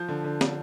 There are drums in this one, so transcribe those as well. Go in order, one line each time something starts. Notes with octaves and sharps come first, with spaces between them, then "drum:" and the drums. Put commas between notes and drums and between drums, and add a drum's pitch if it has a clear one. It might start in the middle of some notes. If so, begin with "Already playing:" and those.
Already playing: F3 G6
D3
D3
D3, drum: snare